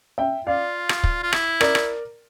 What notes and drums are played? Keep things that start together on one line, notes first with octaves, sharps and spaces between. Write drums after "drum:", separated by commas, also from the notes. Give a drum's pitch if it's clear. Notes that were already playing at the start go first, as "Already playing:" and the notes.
E5 G5
F4 D5 F5
drum: rim click
drum: kick
F4
E4, drum: rim click
A#4 D5, drum: rim click
drum: rim click